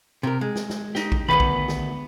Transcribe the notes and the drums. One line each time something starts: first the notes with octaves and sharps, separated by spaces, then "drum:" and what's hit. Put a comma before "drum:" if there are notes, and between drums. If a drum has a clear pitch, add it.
C3 A#4
G#3
drum: snare
drum: snare
D#4 G4, drum: snare
drum: kick
D2 G2 D#3 B3 B4 B5
drum: kick
drum: snare